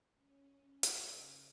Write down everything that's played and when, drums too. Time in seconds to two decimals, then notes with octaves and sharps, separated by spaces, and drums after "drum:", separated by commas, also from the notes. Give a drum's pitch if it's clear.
0.14 C#4
0.83 C#3, drum: hi-hat